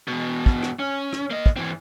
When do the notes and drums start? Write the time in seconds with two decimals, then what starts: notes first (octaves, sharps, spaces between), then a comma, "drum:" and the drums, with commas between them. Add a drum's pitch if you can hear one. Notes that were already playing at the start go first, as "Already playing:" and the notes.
0.08 E2 B2
0.46 drum: kick
0.63 drum: rim click
0.79 C#4
1.13 drum: rim click
1.31 A#3 D#5
1.46 drum: kick
1.56 E3 C4